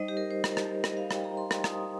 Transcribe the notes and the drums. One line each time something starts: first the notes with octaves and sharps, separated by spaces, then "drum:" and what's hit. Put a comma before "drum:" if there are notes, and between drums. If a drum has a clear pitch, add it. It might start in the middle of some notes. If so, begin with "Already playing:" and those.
Already playing: G3 D#4 C5 D#5
G4
A#4
C5
A#4, drum: rim click
G4, drum: rim click
D#5, drum: rim click
F5
G5, drum: rim click
A#5
C6
drum: rim click
D#6, drum: rim click